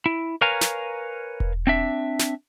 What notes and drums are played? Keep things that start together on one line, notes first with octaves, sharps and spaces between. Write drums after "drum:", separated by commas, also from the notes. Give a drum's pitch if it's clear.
E4
A#4 B4 C#5 F5 G#5 A#5
drum: snare
drum: kick E1
C4 D4 E5
drum: snare